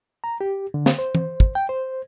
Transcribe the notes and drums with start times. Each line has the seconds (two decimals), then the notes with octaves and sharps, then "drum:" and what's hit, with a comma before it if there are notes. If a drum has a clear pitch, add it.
0.24 A#5
0.41 G4
0.74 D3
0.86 drum: snare
0.99 C5
1.15 drum: tom
1.40 drum: kick
1.55 G5
1.69 C5